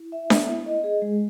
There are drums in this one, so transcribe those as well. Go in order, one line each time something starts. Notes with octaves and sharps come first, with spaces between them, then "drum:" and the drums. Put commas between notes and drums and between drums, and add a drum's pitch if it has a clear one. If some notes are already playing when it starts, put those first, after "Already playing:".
Already playing: E4
E5
B3, drum: snare D4
E4
D#5
G#4
G#3